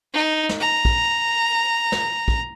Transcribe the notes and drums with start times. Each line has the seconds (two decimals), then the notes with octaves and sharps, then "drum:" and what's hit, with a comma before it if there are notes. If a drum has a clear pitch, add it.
0.14 D#4
0.49 drum: snare
0.60 A#5
0.85 drum: kick A#1
1.92 drum: snare
2.28 drum: kick A#1